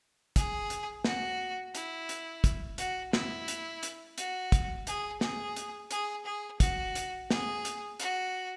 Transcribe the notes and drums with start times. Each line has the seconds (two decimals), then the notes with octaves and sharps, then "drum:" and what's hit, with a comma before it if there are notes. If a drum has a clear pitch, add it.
0.36 G#4, drum: kick, hi-hat
0.70 drum: hi-hat
1.04 F#4, drum: snare
1.75 E4, drum: hi-hat
2.09 drum: hi-hat
2.44 drum: kick, hi-hat
2.78 F#4, drum: hi-hat
3.13 E4, drum: snare
3.48 drum: hi-hat
3.83 drum: hi-hat
4.18 F#4, drum: hi-hat
4.52 drum: kick, hi-hat
4.87 G#4, drum: hi-hat
5.21 G#4, drum: snare
5.56 drum: hi-hat
5.91 G#4, drum: hi-hat
6.26 G#4
6.60 F#4, drum: kick, hi-hat
6.95 drum: hi-hat
7.31 G#4, drum: snare
7.65 drum: hi-hat
8.00 F#4, drum: hi-hat